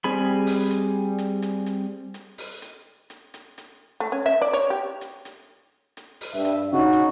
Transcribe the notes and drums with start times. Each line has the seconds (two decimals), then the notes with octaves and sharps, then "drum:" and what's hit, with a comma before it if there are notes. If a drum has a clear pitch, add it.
0.04 G3 C4 G#4 B5
0.47 drum: open hi-hat
0.71 drum: hi-hat
1.18 drum: hi-hat
1.42 drum: hi-hat
1.66 drum: hi-hat
2.14 drum: hi-hat
2.38 drum: open hi-hat
2.62 drum: hi-hat
3.10 drum: hi-hat
3.34 drum: hi-hat
3.58 drum: hi-hat
4.00 A3
4.12 C#4
4.26 E5
4.42 D5
4.53 C#5, drum: hi-hat
4.70 G4
5.01 drum: hi-hat
5.25 drum: hi-hat
5.97 drum: hi-hat
6.21 drum: open hi-hat
6.35 G2 E5
6.45 drum: hi-hat
6.73 C#3 D#4 F#4
6.93 drum: hi-hat